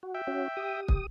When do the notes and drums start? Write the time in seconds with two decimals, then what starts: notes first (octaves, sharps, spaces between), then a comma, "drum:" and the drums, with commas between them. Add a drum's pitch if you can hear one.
0.03 F#4
0.14 E5 G5
0.27 C#4 F#4
0.57 G4 D#6
0.88 drum: kick